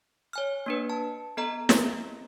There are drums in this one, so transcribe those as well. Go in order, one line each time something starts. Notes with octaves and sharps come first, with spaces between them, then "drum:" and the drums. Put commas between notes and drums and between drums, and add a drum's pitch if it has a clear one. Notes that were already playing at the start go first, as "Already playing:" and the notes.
C#5 G#5 F6
A#3 D4 B4
A5
B3 A4 D#5 A#5
drum: snare